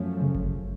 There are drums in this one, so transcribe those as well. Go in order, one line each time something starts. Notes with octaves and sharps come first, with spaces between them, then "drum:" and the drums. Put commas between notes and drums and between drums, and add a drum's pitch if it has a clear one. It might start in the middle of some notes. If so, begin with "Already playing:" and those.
Already playing: F#2 F3 A3 C#4
C#3
drum: kick G1